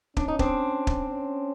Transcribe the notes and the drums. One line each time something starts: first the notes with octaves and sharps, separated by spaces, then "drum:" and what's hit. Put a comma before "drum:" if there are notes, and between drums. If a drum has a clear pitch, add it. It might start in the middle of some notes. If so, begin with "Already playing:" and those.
C#4 D4, drum: kick
D#4
C4 D4, drum: kick
drum: kick
C#4